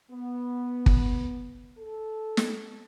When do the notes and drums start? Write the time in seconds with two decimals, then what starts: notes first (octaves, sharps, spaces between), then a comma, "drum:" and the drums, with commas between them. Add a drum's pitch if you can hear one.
0.11 B3
0.86 drum: kick
1.78 A4
2.37 drum: snare